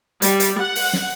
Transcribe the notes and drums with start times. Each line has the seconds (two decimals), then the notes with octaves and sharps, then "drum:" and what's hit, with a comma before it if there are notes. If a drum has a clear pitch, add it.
0.22 G3, drum: hi-hat
0.40 drum: hi-hat
0.60 F#5
0.75 drum: open hi-hat
0.93 drum: snare